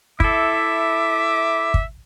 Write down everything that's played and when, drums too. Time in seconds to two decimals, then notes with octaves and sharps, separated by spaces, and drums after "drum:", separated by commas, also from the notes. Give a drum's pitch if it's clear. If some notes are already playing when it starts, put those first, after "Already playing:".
0.20 E4 A4 E5 D6, drum: kick
1.74 drum: kick